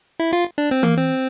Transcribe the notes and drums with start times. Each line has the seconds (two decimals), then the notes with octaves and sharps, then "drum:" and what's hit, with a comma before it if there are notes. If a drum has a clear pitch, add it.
0.20 E4
0.33 F4
0.58 D4
0.71 C4
0.83 A#3, drum: tom E3
0.97 C4